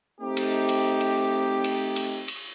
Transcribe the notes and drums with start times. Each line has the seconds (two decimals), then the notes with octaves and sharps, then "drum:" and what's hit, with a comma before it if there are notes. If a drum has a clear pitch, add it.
0.21 A3 C4 D#4 G4
0.37 drum: cymbal
0.69 drum: cymbal
1.01 drum: cymbal
1.64 drum: cymbal
1.96 drum: cymbal
2.28 drum: cymbal